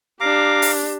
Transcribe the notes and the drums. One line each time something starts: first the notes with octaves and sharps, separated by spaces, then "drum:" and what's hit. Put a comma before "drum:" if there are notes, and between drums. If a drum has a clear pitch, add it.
D4 G4 F5 A#5 D6
drum: open hi-hat